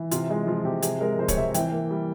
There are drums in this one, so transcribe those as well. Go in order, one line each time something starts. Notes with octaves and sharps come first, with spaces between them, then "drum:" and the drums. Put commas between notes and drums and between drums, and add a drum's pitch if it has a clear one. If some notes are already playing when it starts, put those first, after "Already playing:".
Already playing: E3
C3 F4, drum: hi-hat
G#3 F4
F3 F4
C3 G4
C3 G#4, drum: hi-hat
G#3 A#4
F3 C5
C#5, drum: kick D1, hi-hat
C3 E5
E3 G5, drum: hi-hat
A#3
G3